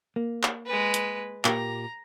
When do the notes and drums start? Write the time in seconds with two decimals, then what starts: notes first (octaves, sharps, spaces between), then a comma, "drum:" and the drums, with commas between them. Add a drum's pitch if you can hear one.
0.16 A#3
0.43 drum: clap
0.66 G#3 B4
0.94 drum: hi-hat
1.45 A#2 A#3 G4 A#5, drum: clap